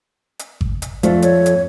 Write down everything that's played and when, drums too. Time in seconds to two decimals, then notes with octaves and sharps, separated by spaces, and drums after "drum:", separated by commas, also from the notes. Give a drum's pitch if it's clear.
0.39 drum: hi-hat
0.61 drum: kick G#1
0.82 drum: hi-hat
1.03 F2 A3 F4 D5, drum: hi-hat
1.22 C#5, drum: hi-hat
1.46 drum: hi-hat